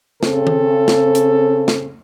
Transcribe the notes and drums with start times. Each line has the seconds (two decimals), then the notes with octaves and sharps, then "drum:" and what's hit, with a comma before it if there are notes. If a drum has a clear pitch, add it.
0.23 C#3 C4 A4, drum: snare
0.47 drum: tom D#3
0.88 drum: snare
1.15 drum: hi-hat
1.68 drum: snare